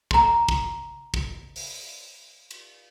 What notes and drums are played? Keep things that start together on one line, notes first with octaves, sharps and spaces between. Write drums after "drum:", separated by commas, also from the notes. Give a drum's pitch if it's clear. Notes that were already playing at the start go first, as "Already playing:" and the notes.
A#5 C6, drum: kick
drum: kick
drum: kick
drum: open hi-hat
drum: cymbal